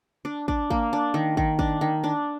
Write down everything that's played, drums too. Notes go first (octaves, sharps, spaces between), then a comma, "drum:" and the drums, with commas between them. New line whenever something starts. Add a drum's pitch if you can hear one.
D4
D4, drum: kick
A#3, drum: kick
D4
D#3
D#3, drum: kick
D4, drum: kick
D#3
D4